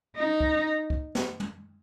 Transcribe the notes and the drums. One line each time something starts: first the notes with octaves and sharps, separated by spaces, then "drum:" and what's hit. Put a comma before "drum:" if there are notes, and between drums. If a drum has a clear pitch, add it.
D#4
drum: kick
drum: kick
drum: snare
drum: tom